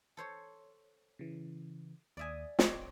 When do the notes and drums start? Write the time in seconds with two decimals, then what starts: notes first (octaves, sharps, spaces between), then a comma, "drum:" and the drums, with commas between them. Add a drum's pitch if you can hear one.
0.17 A4 C5 C#5
1.19 C#3 E3
2.17 D#2 D5 E5 G#5 D#6
2.59 C4 C#5 D#5 D6, drum: snare